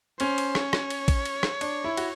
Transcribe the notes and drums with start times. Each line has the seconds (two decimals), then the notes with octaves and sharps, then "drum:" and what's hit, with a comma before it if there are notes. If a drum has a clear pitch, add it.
0.20 C#4 C5, drum: cymbal
0.38 drum: cymbal
0.55 C#5, drum: rim click
0.73 drum: rim click
0.90 drum: cymbal
1.08 drum: kick A1, cymbal
1.25 drum: cymbal
1.43 drum: rim click
1.61 D4, drum: cymbal
1.84 E4
1.97 F#4, drum: cymbal